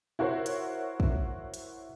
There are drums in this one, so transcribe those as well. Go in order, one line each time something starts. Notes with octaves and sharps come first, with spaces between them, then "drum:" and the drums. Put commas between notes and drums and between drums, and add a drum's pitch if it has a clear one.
E4 F#4 A#4 C5 C#5
drum: hi-hat
drum: kick
drum: hi-hat